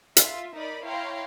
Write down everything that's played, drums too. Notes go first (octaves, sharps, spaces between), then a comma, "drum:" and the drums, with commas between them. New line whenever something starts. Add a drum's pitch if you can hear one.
F4 E5, drum: hi-hat
D#4 A#4 D5 B5
E4 C#5 F5 G5 A#5 C6